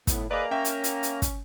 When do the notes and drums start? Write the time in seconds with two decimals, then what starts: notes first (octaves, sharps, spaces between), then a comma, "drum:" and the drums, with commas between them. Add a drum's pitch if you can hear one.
0.07 A2 D#3 B3, drum: kick, hi-hat
0.31 A#3 G#4 B4 D5 D#5 A#5 D6
0.51 C#4 E5 G5
0.65 drum: hi-hat
0.84 drum: hi-hat
1.03 drum: hi-hat
1.22 drum: kick, hi-hat